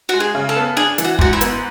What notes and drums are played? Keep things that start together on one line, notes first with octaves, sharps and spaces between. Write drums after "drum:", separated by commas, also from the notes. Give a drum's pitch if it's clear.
G#3 F#4
G#4
C#3
A4
B3
D4 G#4
E3, drum: hi-hat
F#4
G#2 F#4, drum: kick
E4
B3, drum: hi-hat